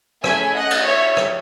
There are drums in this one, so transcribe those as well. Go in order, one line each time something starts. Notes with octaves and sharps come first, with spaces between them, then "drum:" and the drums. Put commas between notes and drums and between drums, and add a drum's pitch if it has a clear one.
A3 C#4 E4 G#4 E5 G#5, drum: rim click
D#5 F#5
drum: cymbal
C#5 E5
drum: rim click